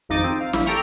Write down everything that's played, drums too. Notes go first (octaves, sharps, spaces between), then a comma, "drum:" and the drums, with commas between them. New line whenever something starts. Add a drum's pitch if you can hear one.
G#1 F2 D#4 D6 A6 D#7
C4
F5
A#1 E4 B6, drum: snare
G4 A4 G5 A#5 C#6